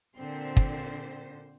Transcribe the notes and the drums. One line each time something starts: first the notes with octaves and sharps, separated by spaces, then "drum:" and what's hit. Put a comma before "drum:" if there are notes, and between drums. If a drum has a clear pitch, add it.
A#2 D3 C4 C5
drum: kick